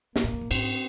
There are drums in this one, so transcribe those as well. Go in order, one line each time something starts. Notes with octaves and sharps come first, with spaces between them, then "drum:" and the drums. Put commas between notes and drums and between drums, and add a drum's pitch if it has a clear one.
G#2 A#3, drum: snare
A#2
G#2
A#2
G#2 C4, drum: cymbal